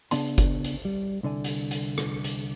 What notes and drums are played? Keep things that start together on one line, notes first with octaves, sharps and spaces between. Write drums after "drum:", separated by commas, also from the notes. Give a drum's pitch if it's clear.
C#3 B3 D4 D5 A5 C6, drum: hi-hat
drum: kick F#1, hi-hat
drum: hi-hat
G3
C2 D3 D5 G#5
drum: hi-hat
drum: hi-hat
drum: rim click
drum: hi-hat